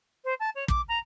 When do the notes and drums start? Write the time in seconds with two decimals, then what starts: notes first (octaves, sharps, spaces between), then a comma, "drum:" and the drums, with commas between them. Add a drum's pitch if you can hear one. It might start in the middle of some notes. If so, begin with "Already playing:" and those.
0.24 C5
0.40 A5
0.55 C#5
0.68 D6, drum: kick
0.88 A#5